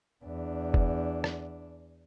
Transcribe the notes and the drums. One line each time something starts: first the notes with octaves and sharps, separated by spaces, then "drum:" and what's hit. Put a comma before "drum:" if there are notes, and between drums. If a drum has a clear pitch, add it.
E2 D4
drum: kick
drum: rim click